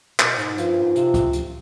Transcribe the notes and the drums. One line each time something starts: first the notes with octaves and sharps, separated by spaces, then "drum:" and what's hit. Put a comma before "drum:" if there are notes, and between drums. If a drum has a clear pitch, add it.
B2, drum: clap
G#2, drum: hi-hat
G2 F3, drum: hi-hat
G2
G#2
C3, drum: hi-hat
drum: kick C#2, hi-hat
drum: hi-hat